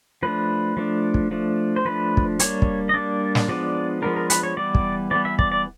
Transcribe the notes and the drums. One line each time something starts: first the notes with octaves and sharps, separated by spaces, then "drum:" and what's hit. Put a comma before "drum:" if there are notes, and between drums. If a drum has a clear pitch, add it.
F3 A3 D4 B4
F3 A3 D4
drum: kick
F3 A3 D4
C5
F3 A3 D4 B4
drum: kick
G3 A#3 D4 C#5, drum: hi-hat
drum: kick
D#5
G3 A#3 D4 D5
drum: snare
F3 G#3 B3 D4 D5
F3 G#3 B3 D4 A#4
A#4
B4, drum: hi-hat
C#5
E3 G3 B3 D5
drum: kick
E3 G3 B3 D5
E5
D5, drum: kick
D5